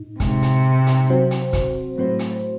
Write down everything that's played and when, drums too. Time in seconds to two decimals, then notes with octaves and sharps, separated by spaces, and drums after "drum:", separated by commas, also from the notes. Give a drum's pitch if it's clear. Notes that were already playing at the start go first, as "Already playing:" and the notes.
Already playing: A2 D#4
0.20 A2 C3 G#3 D#4, drum: kick, hi-hat
0.43 drum: hi-hat
0.87 drum: hi-hat
1.09 F#3 C4 F#4 C5
1.31 drum: hi-hat
1.53 drum: kick, hi-hat
1.97 A2 F#3 C4 F#4 C5
2.19 drum: hi-hat